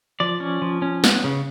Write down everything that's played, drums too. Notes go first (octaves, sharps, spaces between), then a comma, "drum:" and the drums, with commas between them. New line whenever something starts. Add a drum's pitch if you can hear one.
F3 D5
C#4
F3
C#4
B3, drum: snare
C#3